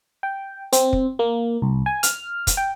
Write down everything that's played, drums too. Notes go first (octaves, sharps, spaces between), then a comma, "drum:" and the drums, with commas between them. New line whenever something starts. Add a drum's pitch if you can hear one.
G5
C4, drum: hi-hat
drum: kick
A#3
C2
G#5
F6, drum: hi-hat
drum: kick, hi-hat
G5